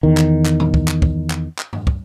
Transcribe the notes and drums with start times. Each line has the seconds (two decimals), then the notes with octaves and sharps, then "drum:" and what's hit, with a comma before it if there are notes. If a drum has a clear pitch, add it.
0.03 E2 D#3
0.17 drum: clap
0.46 drum: clap
0.60 drum: tom A2
0.74 drum: kick
0.88 drum: clap
1.02 drum: kick
1.30 drum: clap
1.59 drum: clap
1.73 drum: tom F#2
1.87 drum: kick